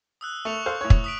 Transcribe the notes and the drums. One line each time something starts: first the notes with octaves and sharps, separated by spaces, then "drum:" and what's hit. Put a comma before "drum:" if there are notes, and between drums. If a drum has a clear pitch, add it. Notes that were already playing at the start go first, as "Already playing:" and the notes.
D#6 E6 F#6
A3 C#6 C#7 F7
A4 C5 F5
A2 C#5
drum: kick
D#6 B6 D7